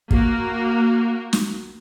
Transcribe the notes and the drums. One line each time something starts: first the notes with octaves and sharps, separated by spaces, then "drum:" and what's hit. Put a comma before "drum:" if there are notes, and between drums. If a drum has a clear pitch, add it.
A#3 F#4, drum: kick
drum: snare